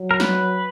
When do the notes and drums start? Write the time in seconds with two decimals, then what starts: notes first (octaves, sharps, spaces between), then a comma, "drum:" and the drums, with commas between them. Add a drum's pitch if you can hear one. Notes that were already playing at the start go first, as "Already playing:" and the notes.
Already playing: F#3
0.11 A#4
0.20 B4, drum: snare